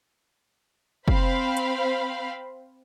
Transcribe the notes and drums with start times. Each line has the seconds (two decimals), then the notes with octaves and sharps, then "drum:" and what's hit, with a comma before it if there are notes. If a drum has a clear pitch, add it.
1.08 C4 C5 F5 B5, drum: kick
1.57 drum: hi-hat